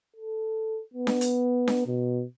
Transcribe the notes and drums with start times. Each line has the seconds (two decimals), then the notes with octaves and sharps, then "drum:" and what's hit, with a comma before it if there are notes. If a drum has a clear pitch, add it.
0.16 A4
0.94 B3
1.07 drum: snare D4
1.21 drum: hi-hat
1.68 drum: snare D4
1.87 B2